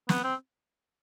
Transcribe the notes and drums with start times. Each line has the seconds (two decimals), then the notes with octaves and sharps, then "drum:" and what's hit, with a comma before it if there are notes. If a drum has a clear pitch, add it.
0.09 B3, drum: snare
0.24 C4